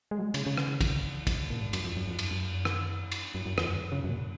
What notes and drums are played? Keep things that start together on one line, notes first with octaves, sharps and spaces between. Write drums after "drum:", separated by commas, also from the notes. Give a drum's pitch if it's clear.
G#3
F#3
G#3
C#3, drum: cymbal
C#3
drum: rim click
drum: kick, cymbal
drum: kick, cymbal
A#2
G#2
F#2, drum: cymbal
F2
F#2
F2
F#2, drum: cymbal
F#2
drum: rim click
drum: cymbal
F#2
F#2
F2, drum: rim click
F#2
C#3
F#2
A#2